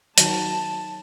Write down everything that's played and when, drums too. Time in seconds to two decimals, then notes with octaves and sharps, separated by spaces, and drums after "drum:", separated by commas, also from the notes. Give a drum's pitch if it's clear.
0.18 D#3 F#3 A5, drum: hi-hat